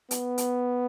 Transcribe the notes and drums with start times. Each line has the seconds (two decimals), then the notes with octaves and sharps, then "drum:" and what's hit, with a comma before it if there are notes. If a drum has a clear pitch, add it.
0.11 B3, drum: hi-hat
0.38 drum: hi-hat